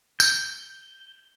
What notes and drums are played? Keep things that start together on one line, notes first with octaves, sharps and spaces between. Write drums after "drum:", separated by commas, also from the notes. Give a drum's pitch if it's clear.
G6, drum: tambourine